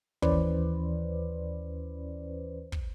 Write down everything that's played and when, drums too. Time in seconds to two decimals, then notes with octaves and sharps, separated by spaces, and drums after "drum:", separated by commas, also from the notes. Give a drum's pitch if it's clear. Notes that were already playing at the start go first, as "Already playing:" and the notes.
0.22 D#2 E3 C#4 B4 C5 D5, drum: kick
2.72 drum: kick